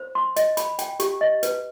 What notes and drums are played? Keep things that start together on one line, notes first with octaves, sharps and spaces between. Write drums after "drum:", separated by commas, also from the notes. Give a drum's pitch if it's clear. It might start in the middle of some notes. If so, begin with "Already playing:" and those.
Already playing: C5
C6
D#5, drum: hi-hat
B5, drum: hi-hat
G5, drum: hi-hat
G4, drum: hi-hat
D#5
B4, drum: hi-hat